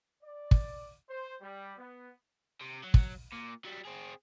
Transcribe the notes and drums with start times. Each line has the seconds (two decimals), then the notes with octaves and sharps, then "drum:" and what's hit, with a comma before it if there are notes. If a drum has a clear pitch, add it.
0.23 D5
0.51 drum: kick
1.08 C5
1.41 G3
1.77 B3
2.61 C3
2.83 F#3
2.94 drum: kick
3.32 A#2
3.65 F#3 G3
3.85 C4 G#4